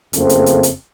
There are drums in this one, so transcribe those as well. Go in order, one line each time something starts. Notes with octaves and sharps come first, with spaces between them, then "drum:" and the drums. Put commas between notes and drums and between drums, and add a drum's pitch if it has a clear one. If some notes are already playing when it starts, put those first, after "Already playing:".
F#1 F2 C#3 A3 C4, drum: hi-hat
drum: hi-hat
drum: hi-hat
drum: hi-hat